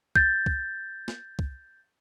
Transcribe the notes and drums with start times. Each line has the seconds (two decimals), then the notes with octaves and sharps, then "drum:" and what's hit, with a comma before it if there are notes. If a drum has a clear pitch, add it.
0.15 G6 A6, drum: kick
0.46 drum: kick
1.08 drum: snare
1.39 drum: kick